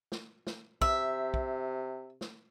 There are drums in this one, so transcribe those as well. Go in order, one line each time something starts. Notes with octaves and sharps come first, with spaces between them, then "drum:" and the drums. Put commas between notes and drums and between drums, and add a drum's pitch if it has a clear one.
drum: snare
drum: snare
C3 E5, drum: kick
drum: kick
drum: snare